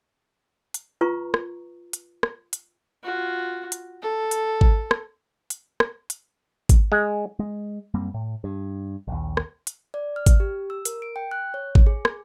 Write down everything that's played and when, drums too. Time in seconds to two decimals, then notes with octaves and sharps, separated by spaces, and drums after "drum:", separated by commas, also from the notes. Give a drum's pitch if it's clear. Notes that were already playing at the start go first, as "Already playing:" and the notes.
0.74 drum: hi-hat
1.01 F4 B4 A#5 C#6
1.34 drum: rim click
1.93 drum: hi-hat
2.23 drum: rim click
2.53 drum: hi-hat
3.04 F4 F#4
3.72 drum: hi-hat
4.02 A4
4.31 drum: hi-hat
4.61 drum: kick G#1
4.91 drum: rim click
5.50 drum: hi-hat
5.80 drum: rim click
6.10 drum: hi-hat
6.69 drum: kick G#1, hi-hat
6.92 G#3
7.39 G#3
7.94 F#2 G3 A#3 C4
8.14 A2
8.44 G2
9.08 A#1 D#2
9.37 drum: rim click
9.67 drum: hi-hat
9.94 D5
10.16 F6
10.26 drum: kick G#1, hi-hat
10.40 G4
10.70 E6
10.85 A#4, drum: hi-hat
11.02 D7
11.16 G5
11.31 F#6
11.54 C#5
11.75 drum: kick G#1
11.87 G#4
12.05 drum: rim click